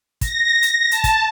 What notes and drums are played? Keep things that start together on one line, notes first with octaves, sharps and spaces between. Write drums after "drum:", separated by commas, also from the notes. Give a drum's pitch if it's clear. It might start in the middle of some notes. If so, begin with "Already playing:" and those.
A#6, drum: kick, hi-hat
drum: hi-hat
A5, drum: hi-hat
drum: kick, hi-hat